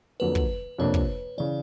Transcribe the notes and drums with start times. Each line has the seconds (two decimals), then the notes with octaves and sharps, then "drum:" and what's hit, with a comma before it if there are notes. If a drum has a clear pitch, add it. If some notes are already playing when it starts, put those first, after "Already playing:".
0.20 F2 D3 F#3 A#3 B4
0.35 drum: kick
0.79 F2 C3 F3 A#3 D4 C#5
0.94 drum: kick
1.38 C#3 E3 D5